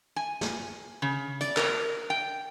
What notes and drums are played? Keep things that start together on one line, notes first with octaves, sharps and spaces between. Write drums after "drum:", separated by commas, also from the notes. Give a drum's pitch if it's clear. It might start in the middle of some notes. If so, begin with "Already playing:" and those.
G#5
drum: snare
C#3
D5, drum: hi-hat
A#4, drum: clap
G5